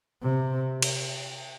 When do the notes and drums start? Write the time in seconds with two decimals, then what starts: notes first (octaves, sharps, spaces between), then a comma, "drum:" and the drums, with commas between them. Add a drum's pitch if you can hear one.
0.23 C3
0.82 drum: cymbal